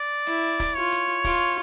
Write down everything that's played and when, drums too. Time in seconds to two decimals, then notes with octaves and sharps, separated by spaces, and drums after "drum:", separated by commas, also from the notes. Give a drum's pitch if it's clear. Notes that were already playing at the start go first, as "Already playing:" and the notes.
Already playing: D5
0.27 E4, drum: hi-hat
0.60 drum: kick, open hi-hat
0.75 F4 C#5
0.92 drum: hi-hat
1.24 F4, drum: kick, open hi-hat